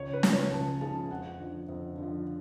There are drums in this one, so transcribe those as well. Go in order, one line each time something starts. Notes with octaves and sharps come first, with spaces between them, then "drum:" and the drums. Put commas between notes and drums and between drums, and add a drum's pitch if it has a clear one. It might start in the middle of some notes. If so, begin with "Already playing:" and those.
Already playing: C#2 C#5
B4
C#3 F3 G#3, drum: snare
C#5
C#2 A5
C#3 F3 G#3 A5
F2 F#5
D3 F3
F2
D3 F3